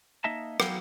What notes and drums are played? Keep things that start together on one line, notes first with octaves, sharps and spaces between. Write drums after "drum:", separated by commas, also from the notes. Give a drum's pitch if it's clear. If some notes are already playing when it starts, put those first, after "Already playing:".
A#3 D#4 D#5 E5 A5
F#3 B3 F5 G5, drum: rim click